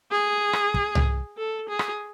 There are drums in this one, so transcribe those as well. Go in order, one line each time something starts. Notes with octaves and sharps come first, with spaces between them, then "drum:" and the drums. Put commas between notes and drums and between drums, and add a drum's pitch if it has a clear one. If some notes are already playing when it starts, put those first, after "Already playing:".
G#4
drum: rim click
drum: kick
drum: tom C2
A4
G#4
drum: rim click